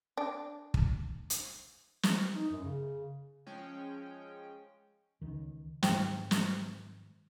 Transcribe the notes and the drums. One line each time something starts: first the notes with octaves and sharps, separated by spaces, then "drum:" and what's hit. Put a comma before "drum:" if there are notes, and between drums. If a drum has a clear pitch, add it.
D4
drum: kick
drum: hi-hat
drum: snare
D#4
F#2
C#3
F3 G#3 C#4 G5
C#2 D#3
G#2 D#3 G5, drum: snare
drum: snare